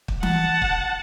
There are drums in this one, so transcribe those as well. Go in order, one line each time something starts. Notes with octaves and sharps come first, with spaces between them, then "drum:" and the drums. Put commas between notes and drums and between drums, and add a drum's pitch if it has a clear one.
drum: kick
F#5 A5, drum: tom E3
drum: kick